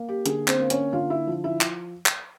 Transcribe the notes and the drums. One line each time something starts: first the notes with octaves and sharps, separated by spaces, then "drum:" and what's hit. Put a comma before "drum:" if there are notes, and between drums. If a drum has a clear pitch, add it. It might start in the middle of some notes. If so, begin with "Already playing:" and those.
Already playing: A#3
G4
D3 G#4, drum: hi-hat
C4 C5, drum: clap
A#3
C#4 C#5, drum: hi-hat
D3 F4 F5
E4 E5
F3
E4 E5
drum: clap
drum: clap